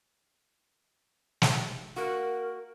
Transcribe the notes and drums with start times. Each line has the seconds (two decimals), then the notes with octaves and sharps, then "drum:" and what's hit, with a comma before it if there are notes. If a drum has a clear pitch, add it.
1.42 drum: snare
1.96 A#3 F#4 A#4